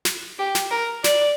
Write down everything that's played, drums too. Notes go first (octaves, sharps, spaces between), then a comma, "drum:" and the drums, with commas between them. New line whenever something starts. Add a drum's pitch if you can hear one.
drum: snare
G4
drum: snare
A#4
D5, drum: snare